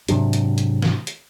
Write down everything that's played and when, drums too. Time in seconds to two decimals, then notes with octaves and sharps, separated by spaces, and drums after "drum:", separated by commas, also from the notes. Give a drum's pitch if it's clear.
0.08 G#2 C3 F#3 D4, drum: hi-hat
0.33 drum: hi-hat
0.58 drum: hi-hat
0.82 drum: snare
1.07 drum: hi-hat